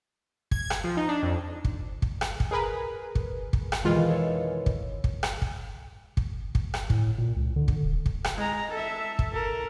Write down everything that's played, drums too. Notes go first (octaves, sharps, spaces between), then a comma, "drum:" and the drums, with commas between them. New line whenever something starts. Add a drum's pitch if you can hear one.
G#6, drum: kick
drum: rim click
F3
D#4
D4
F2
drum: kick
drum: kick
drum: rim click
drum: kick
G#4 A#4 B4
drum: kick
drum: kick
drum: rim click
F2 B2 D#3 E3 G#3 F4
A4 C#5
drum: kick
drum: kick
drum: rim click
drum: kick
drum: kick
drum: kick
drum: rim click
A2, drum: kick
A#2
C#2
D3
drum: kick
D#1
drum: kick
drum: rim click
G#3 A#5
A4 E5
drum: kick
A4 A#4